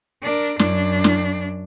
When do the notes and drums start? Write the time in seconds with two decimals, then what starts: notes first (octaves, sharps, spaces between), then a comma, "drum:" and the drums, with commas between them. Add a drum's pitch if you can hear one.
0.23 D4 A#4
0.59 F#2 D4, drum: snare
1.04 drum: snare